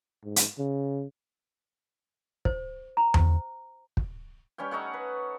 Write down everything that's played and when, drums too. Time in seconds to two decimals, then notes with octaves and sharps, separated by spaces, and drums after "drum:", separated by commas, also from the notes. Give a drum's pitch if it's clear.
0.25 G#2
0.36 drum: hi-hat
0.58 C#3
2.45 C5, drum: kick
2.97 A#5
3.14 C5, drum: tom E2
3.97 drum: kick
4.58 G3 C#4 C#5 G5
4.71 D#4 A4 C#5 F#5
4.93 B4